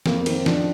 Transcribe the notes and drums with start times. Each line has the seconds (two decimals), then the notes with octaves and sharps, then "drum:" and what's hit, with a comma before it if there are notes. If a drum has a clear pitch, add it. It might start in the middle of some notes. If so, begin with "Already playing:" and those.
0.06 F2 A#3, drum: snare
0.21 A#3
0.26 D#3 C4, drum: cymbal
0.46 F3 D4, drum: snare